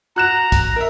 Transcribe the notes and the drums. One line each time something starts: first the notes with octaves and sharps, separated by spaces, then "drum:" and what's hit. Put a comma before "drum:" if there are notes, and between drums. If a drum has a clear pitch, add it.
F#4 A#5 F#6 E7
drum: kick, hi-hat
A#4 E5